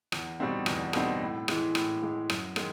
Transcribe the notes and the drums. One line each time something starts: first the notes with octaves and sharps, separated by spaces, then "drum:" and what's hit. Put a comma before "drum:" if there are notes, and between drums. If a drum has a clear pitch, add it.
E2, drum: rim click
B2 G3 C4 D#4
E2, drum: rim click
B2 G3 C4 D#4, drum: rim click
A2
E3 G#3, drum: rim click
A2, drum: rim click
E3 G#3
F#2, drum: rim click
D#3 G#3, drum: rim click